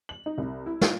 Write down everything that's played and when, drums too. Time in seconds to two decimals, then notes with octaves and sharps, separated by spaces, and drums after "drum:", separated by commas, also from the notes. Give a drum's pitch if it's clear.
0.09 F#7
0.26 D#4
0.38 C2
0.66 E4
0.81 F4, drum: snare